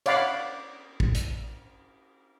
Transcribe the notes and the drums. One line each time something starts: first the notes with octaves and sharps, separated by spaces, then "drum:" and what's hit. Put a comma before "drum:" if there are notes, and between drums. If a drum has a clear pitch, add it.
C#5 D5 F5 F#5 B5 D6, drum: cymbal
drum: kick
drum: hi-hat